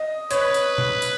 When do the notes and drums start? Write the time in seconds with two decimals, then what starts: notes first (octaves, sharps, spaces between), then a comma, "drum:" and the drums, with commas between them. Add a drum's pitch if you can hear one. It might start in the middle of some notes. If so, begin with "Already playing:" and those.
Already playing: D#5
0.31 B4 C#5, drum: hi-hat
0.54 drum: hi-hat
0.78 drum: tom B2
1.02 drum: hi-hat